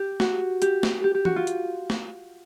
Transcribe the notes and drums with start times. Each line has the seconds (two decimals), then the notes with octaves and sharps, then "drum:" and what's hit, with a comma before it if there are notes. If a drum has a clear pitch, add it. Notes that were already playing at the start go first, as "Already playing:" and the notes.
Already playing: G4
0.20 F#4, drum: snare
0.62 G4, drum: hi-hat
0.83 drum: snare
1.04 G4
1.15 G4
1.25 F#4, drum: tom E3
1.36 F4
1.47 drum: hi-hat
1.90 drum: snare